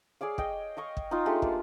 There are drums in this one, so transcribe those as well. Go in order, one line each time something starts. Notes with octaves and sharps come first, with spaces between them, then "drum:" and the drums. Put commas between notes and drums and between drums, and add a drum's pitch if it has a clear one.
G#4 C#5 D5 F5
D#5 G5, drum: kick
D#5 F5 C#6
drum: kick
D#4 F4
G#3 A3 D4 G4
A#3, drum: kick